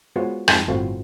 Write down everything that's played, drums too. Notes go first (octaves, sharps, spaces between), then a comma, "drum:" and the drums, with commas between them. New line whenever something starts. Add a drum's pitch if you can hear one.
G#3 B3 F4 F#4 C5 C#5
F2 G#2, drum: rim click
G1 A2 C4 F4 F#4